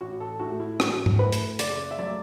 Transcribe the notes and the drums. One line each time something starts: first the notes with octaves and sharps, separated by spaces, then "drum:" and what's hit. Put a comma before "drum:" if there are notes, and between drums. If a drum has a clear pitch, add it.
A1 F#4
A4
A2 A3 F#4
E4
A1 F#4, drum: rim click
drum: tom G#2
A2 A3 B4
drum: hi-hat
F#1 D5, drum: hi-hat
E5
F#3 A3 D5